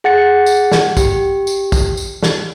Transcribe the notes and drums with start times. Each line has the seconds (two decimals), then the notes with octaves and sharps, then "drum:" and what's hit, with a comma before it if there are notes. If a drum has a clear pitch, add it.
0.04 G#4 F#5 A6 C#7
0.46 drum: tambourine
0.72 drum: snare
0.97 G4, drum: kick, tambourine
1.47 drum: tambourine
1.72 drum: kick, tambourine
1.97 drum: tambourine
2.23 drum: snare